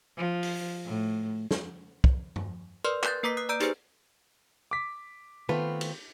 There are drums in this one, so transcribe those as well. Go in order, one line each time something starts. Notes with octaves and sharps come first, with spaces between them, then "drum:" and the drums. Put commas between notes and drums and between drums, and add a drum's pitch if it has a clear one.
F3
drum: open hi-hat
A2
drum: snare
drum: kick
drum: tom G2
A#4 B4 D5 C6 F6
A#4 F#6 G6 A6, drum: clap
A#3 B4 A#5 D6 B6 C7
D#6 F#6 C7
D5 A#5 E6 G6 D7
D#4 G4 G#4 B4 C5, drum: hi-hat
D6 B6
D#3 A3 B3 C4 F4 B4
drum: cymbal